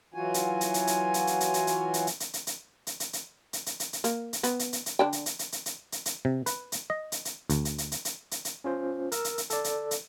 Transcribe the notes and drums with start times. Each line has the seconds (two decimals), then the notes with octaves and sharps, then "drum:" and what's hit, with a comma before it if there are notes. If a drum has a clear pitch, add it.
0.14 E3 F#3 F4 F#4 G#5
0.34 drum: hi-hat
0.61 drum: hi-hat
0.74 drum: hi-hat
0.87 drum: hi-hat
1.14 drum: hi-hat
1.27 drum: hi-hat
1.40 drum: hi-hat
1.54 drum: hi-hat
1.67 drum: hi-hat
1.94 drum: hi-hat
2.07 drum: hi-hat
2.20 drum: hi-hat
2.33 drum: hi-hat
2.47 drum: hi-hat
2.87 drum: hi-hat
3.00 drum: hi-hat
3.13 drum: hi-hat
3.53 drum: hi-hat
3.66 drum: hi-hat
3.80 drum: hi-hat
3.93 drum: hi-hat
4.04 A#3, drum: hi-hat
4.33 drum: hi-hat
4.43 B3, drum: hi-hat
4.59 drum: hi-hat
4.73 drum: hi-hat
4.86 drum: hi-hat
4.99 D3 D4 G5
5.13 drum: hi-hat
5.26 drum: hi-hat
5.39 drum: hi-hat
5.52 drum: hi-hat
5.66 drum: hi-hat
5.92 drum: hi-hat
6.06 drum: hi-hat
6.25 C3
6.46 B4, drum: hi-hat
6.72 drum: hi-hat
6.90 D#5
7.12 drum: hi-hat
7.25 drum: hi-hat
7.50 D2, drum: hi-hat
7.65 drum: hi-hat
7.78 drum: hi-hat
7.92 drum: hi-hat
8.05 drum: hi-hat
8.31 drum: hi-hat
8.45 drum: hi-hat
8.64 C#4 F4 C5
9.12 A#4 E6, drum: hi-hat
9.24 drum: hi-hat
9.38 drum: hi-hat
9.50 A4 D5, drum: hi-hat
9.64 drum: hi-hat
9.91 drum: hi-hat